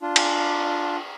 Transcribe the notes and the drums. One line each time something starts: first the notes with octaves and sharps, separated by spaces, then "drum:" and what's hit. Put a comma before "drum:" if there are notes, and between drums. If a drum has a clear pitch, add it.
D4 F4
drum: cymbal